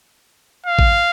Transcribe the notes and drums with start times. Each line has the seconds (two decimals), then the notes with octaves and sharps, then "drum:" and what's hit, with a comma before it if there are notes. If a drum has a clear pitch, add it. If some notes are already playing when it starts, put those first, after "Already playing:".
0.66 F5
0.79 drum: kick A1